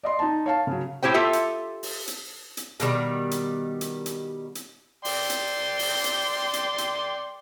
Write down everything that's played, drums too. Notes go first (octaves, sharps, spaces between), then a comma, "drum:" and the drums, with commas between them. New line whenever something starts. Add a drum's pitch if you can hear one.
D5 D#5 C6
D#4 A5
C#5 F5 A5
C#3 F#3
A2 E4 G4 C5 G5
F4 G4 A4 E5
drum: hi-hat
drum: open hi-hat
drum: hi-hat
drum: hi-hat
B2 D#3 G3, drum: hi-hat
drum: hi-hat
drum: hi-hat
drum: hi-hat
drum: hi-hat
D5 G5 C6, drum: open hi-hat
drum: hi-hat
drum: open hi-hat
drum: hi-hat
drum: hi-hat
drum: hi-hat